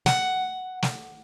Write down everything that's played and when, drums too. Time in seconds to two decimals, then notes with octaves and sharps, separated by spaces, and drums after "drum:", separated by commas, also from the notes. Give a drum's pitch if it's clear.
0.06 F#5, drum: snare
0.82 drum: snare